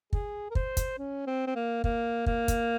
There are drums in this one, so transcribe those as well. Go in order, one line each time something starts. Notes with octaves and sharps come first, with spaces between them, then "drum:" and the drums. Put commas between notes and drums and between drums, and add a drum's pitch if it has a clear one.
G#4, drum: kick
A#4
C5, drum: kick
drum: kick, hi-hat
C#4
C4
C4
A#3
A#3, drum: kick
A#3, drum: kick
drum: kick, hi-hat